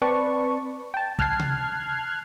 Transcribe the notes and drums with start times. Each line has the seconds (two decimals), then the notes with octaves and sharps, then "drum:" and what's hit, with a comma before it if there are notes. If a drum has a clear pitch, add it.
0.02 C4 B4 D5 A5 C#6
0.94 G5 A5
1.19 A5 F6 F#6 G#6 C7, drum: kick
1.39 drum: tom C3